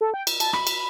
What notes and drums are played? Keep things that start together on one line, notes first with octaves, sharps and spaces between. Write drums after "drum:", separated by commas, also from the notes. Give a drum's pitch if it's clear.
A4
G5
drum: cymbal
A5, drum: cymbal
B5, drum: rim click
drum: cymbal